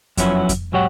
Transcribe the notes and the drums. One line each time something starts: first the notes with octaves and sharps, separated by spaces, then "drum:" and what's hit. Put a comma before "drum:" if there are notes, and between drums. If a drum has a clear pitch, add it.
F#2 F3 F#3 B3 C#4 E4, drum: kick F2, hi-hat
drum: kick F2, hi-hat
B1 G#2 F#3 G4 C#5 F#5